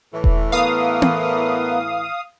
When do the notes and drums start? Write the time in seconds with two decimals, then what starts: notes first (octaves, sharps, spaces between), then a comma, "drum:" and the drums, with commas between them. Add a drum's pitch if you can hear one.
0.13 A2 E3
0.24 drum: kick E1
0.52 B3 A#4 B4 F5 D#6
1.02 drum: tom B3